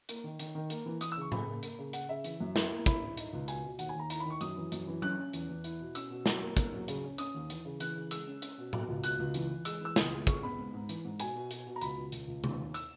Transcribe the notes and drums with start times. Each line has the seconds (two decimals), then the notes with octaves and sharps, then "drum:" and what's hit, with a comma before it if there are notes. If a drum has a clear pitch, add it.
0.09 A#3, drum: hi-hat
0.24 D#3
0.39 D#3, drum: hi-hat
0.55 D#3
0.70 A#3, drum: hi-hat
0.86 E3
1.01 E3 D#6, drum: hi-hat
1.12 E6
1.17 C#3 C#6
1.32 C#3 B5, drum: tom A2
1.48 A#3
1.63 A#3, drum: hi-hat
1.79 C#3
1.93 C#3 F#5, drum: hi-hat
2.09 C#3 E5
2.24 E3, drum: hi-hat
2.40 F#2
2.56 E4, drum: snare
2.71 A#3
2.86 E4 B5, drum: kick, hi-hat
3.02 E4
3.17 D#4, drum: hi-hat
3.33 C#2
3.48 B2 G#5, drum: hi-hat
3.64 B2
3.79 D#2 F#5, drum: hi-hat
3.89 G#5
3.95 D#2 A#5
4.10 E4 A#5, drum: hi-hat
4.20 B5
4.25 D#3
4.30 C#6
4.41 F#2 D#6, drum: hi-hat
4.56 E3
4.72 F#2, drum: hi-hat
4.87 E3
5.02 C#4 F#6, drum: tom F#3
5.18 C#4
5.33 E2, drum: hi-hat
5.49 E2
5.64 E4, drum: hi-hat
5.80 B2
5.95 C#4 E6, drum: hi-hat
6.10 B2
6.26 F#3, drum: snare
6.42 A#3
6.57 A#3, drum: kick, hi-hat
6.73 F#3
6.88 C#3, drum: hi-hat
7.03 C#4
7.18 C#4 D#6, drum: hi-hat
7.35 D#2
7.50 E3, drum: hi-hat
7.65 C#3
7.80 E3 F#6, drum: hi-hat
7.96 C#3
8.11 G#3 E6, drum: hi-hat
8.27 C#4
8.42 C#4, drum: hi-hat
8.58 B2
8.73 B2, drum: tom A2
8.88 C#2
9.04 B2 F#6, drum: hi-hat
9.19 C#2
9.34 E3, drum: hi-hat
9.51 E3
9.65 G#3 E6, drum: hi-hat
9.81 E3 E6
9.96 C#2 D#6, drum: snare
10.12 G#3
10.27 C#3 C#6, drum: kick, hi-hat
10.43 B3 B5
10.58 G#2
10.74 G#2
10.89 E3, drum: hi-hat
11.05 G#2
11.20 B2 G#5, drum: hi-hat
11.35 B2
11.51 B2, drum: hi-hat
11.66 B2
11.76 A#5
11.81 C#2 B5, drum: hi-hat
11.98 C#2
12.12 C#2, drum: hi-hat
12.28 C#2
12.44 D#2, drum: tom
12.59 D#2
12.74 E6, drum: hi-hat